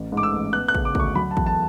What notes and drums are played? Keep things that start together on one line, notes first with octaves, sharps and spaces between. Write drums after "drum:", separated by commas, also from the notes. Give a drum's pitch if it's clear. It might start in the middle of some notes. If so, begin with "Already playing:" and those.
Already playing: A1
G#2
D6
E6
A1
B3 F#6
F#6
C#3, drum: kick
D6
D2 C#6, drum: kick
F#3 B5
A5
E2, drum: kick
A5